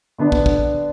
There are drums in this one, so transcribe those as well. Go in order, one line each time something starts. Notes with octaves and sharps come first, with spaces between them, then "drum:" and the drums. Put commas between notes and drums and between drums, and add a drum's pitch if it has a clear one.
D3 B3 D4
drum: kick
drum: kick